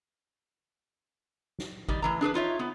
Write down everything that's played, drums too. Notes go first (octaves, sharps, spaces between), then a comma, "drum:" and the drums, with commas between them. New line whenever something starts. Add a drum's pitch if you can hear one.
drum: snare
D#3 G3, drum: kick G#1
A2 E3 A#5
D4 G#4 A4 B4
D#4 F4 C#5 E5
B3